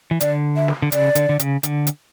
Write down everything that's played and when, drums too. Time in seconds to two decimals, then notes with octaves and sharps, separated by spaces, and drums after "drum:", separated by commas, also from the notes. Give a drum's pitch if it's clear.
0.11 E3
0.20 D3 D5, drum: hi-hat
0.56 E5
0.68 drum: snare
0.82 D3
0.92 C#3 D5, drum: hi-hat
1.15 D3, drum: hi-hat
1.29 D3
1.39 C#3, drum: hi-hat
1.63 D3, drum: hi-hat
1.87 drum: hi-hat